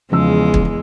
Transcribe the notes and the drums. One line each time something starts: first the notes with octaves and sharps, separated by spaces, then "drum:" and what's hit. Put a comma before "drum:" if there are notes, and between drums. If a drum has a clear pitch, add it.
E2 C#3 F3 G#3 E6
drum: kick